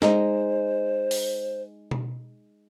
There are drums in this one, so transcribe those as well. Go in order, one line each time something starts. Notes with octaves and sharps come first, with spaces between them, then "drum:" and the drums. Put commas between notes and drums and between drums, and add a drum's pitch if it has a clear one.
G#3 D#4 C5, drum: snare
drum: open hi-hat
drum: tom B2